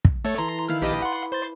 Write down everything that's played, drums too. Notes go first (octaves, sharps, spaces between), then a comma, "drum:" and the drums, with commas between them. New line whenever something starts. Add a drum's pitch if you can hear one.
drum: kick
A3 A4 C#5 A6
E3 A#5 C6
D#3 E4 F5 F6
A#1 G4 B4 D#5 A5 D6
F#5 C6
C5 C6 A6